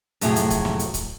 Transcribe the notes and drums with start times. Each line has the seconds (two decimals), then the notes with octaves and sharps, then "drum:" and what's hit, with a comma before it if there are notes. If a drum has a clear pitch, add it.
0.21 F2 A2 C3 F#3 G#4, drum: hi-hat
0.36 drum: hi-hat
0.50 drum: kick C#1, hi-hat
0.65 drum: snare
0.79 drum: hi-hat
0.94 drum: kick C#1, hi-hat